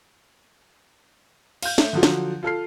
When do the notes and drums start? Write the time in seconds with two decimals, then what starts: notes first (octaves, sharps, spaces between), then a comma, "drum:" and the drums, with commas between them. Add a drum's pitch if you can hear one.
1.62 F5 G6, drum: cymbal
1.78 A3, drum: snare
1.93 D3 F3 F#3
2.03 drum: snare
2.43 F4 A4 F6 C7